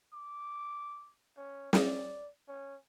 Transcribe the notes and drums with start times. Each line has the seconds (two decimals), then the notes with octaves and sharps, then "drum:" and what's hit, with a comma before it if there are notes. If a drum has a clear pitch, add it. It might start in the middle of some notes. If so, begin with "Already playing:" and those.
0.13 D6
1.37 C#4
1.73 D5, drum: snare
2.48 C#4